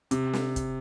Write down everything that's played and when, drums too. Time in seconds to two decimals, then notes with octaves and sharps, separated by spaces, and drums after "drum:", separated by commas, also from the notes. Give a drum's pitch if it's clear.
0.11 C3, drum: hi-hat
0.33 drum: snare
0.56 drum: kick, hi-hat